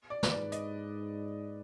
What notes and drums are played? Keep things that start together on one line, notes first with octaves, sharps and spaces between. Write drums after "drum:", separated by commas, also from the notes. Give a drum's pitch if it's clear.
D5
B4, drum: snare
G#2 D5
D#5, drum: hi-hat